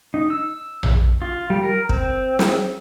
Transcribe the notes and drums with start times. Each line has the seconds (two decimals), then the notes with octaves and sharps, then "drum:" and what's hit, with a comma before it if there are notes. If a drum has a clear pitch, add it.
0.14 D#4
0.30 E6
0.83 drum: tom A#1
1.22 F4
1.50 G3
1.62 A#4
1.89 C4, drum: kick
2.39 drum: snare